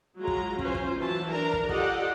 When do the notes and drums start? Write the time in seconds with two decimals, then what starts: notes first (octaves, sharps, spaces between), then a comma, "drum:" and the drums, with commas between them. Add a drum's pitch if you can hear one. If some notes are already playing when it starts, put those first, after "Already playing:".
0.18 F#3 G#3 F4 A#5
0.27 drum: kick
0.59 C#4 F4 C5, drum: kick
0.75 drum: kick
0.97 E3 F#3 A5
1.29 D4 A#4 A#5
1.53 drum: kick
1.69 F4 G4 A4 D5 D#5 F#5, drum: kick